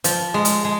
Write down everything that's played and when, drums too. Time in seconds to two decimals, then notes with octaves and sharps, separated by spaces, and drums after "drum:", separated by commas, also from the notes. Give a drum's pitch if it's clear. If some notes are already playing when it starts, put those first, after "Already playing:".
0.04 F3, drum: hi-hat
0.34 G#3
0.45 drum: hi-hat
0.65 G#3